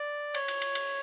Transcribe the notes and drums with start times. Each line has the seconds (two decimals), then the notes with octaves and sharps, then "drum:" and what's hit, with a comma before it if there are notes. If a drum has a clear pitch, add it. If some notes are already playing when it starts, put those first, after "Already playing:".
Already playing: D5
0.34 C#5, drum: cymbal
0.48 drum: cymbal
0.62 drum: cymbal
0.75 drum: cymbal